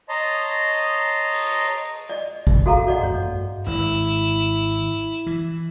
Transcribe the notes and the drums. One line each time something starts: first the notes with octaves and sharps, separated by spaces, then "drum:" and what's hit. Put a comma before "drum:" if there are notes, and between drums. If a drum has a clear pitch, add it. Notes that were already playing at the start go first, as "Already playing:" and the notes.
C#5 D#5 A5 A#5 C6
drum: open hi-hat
D5 D#5
drum: kick
F#4 G#4 A4 E5 F5 A#5
F#4 D5 D#5 F#5
C#5, drum: tom G2
G#1 E4, drum: rim click
E3